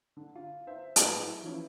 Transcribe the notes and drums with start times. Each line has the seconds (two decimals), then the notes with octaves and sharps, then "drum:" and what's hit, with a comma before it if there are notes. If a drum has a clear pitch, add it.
0.17 D3
0.35 F4
0.67 C5 E5
0.96 A2 F#3 B3 G4 G#4, drum: hi-hat
1.22 E4
1.43 E3 F3 C#4 E4